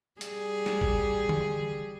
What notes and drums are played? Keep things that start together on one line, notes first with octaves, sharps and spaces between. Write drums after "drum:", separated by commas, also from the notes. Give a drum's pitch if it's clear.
G3 G#4, drum: hi-hat
drum: snare
drum: kick A1
drum: tom D3